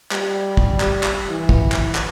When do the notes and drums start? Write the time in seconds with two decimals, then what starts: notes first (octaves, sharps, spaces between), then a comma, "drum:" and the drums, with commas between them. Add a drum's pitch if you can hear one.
0.12 G3, drum: clap
0.57 drum: kick
0.80 drum: clap
1.03 drum: clap
1.29 E3
1.49 drum: kick
1.72 drum: clap
1.95 drum: clap